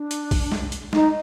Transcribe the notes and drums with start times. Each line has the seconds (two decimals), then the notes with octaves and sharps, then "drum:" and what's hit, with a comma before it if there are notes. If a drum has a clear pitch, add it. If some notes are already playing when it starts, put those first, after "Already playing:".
Already playing: D4
0.11 drum: hi-hat
0.31 drum: kick B1, open hi-hat
0.52 drum: snare
0.72 drum: hi-hat
0.93 D#4, drum: snare